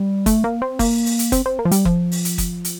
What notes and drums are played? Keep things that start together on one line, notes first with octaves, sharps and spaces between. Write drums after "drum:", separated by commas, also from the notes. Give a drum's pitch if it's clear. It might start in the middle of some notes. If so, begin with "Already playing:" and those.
Already playing: G3
A3, drum: kick F#1, hi-hat
A#3
C4
A#3, drum: kick F#1, open hi-hat
drum: open hi-hat
drum: hi-hat
C4, drum: kick F#1, hi-hat
C4
A#3
F3
G3, drum: hi-hat
F3, drum: kick F#1
drum: open hi-hat
drum: hi-hat
drum: kick F#1, hi-hat
drum: hi-hat